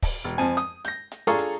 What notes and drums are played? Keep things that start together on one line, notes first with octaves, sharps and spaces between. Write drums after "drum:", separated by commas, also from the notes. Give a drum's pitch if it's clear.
drum: kick, open hi-hat
E1
F2 F3 G#5
D#6, drum: hi-hat
G6 A#6, drum: hi-hat
drum: hi-hat
D4 F4 G#4 A4 A#5 C#6
drum: hi-hat